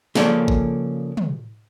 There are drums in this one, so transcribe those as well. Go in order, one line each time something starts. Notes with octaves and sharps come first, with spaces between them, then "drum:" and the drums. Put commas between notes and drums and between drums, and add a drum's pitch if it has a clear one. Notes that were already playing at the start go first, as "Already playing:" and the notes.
C#3 F3 A#3 A4 A#4 D5, drum: snare
drum: kick G#1
drum: tom